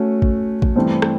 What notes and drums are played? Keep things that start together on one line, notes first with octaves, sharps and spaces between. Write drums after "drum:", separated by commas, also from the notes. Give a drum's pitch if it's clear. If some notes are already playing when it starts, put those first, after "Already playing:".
Already playing: A3 C#4 F#4
drum: kick
drum: kick
G2 E3 A3 C4
drum: rim click